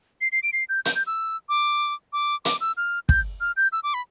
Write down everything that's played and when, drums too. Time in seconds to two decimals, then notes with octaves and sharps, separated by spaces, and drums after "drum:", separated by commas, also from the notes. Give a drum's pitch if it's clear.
0.21 C7
0.32 C7
0.43 D7
0.53 C7
0.69 G6
0.85 G6, drum: hi-hat
0.95 G6
1.07 E6
1.49 D6
2.13 D6
2.45 D6, drum: hi-hat
2.61 E6
2.77 F6
3.09 G6, drum: kick
3.41 F6
3.57 G6
3.72 E6
3.83 D6
3.94 B5